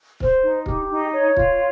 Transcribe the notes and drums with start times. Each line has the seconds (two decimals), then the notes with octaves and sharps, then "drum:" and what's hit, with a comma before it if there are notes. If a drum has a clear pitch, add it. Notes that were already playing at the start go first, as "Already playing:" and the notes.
0.20 C5, drum: kick
0.43 D#4
0.66 G4, drum: kick
0.90 D#4
1.13 C#5
1.37 F4, drum: kick